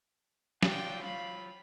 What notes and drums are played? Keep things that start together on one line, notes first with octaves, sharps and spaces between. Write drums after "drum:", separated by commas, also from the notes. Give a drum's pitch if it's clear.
F#3 F4 D5 F#5 G5, drum: snare
F5 B5